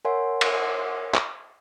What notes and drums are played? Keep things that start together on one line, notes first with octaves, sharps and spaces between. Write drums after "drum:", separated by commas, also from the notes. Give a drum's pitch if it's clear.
A#4 C#5 E5 F#5 G#5 C6
drum: cymbal
drum: clap